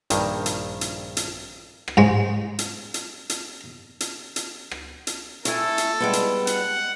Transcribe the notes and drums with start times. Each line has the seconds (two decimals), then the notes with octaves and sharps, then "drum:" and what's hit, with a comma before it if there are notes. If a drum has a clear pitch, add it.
0.10 A#1 G2 D#3 A#3, drum: hi-hat
0.46 drum: hi-hat
0.81 drum: hi-hat
1.17 drum: hi-hat
1.88 drum: rim click
1.97 G#2 G#3
2.59 drum: hi-hat
2.94 drum: hi-hat
3.30 drum: hi-hat
4.00 drum: hi-hat
4.36 drum: hi-hat
4.71 drum: rim click
5.07 drum: hi-hat
5.45 A3 E4 A4 G#5, drum: hi-hat
5.78 drum: hi-hat
6.00 G3 G#3 B3
6.13 drum: hi-hat
6.47 F#5, drum: hi-hat